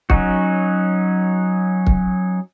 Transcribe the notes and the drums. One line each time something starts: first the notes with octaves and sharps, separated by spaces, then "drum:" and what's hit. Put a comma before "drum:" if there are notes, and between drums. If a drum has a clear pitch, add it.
F#3 C#4 D#4 F#4, drum: kick
drum: kick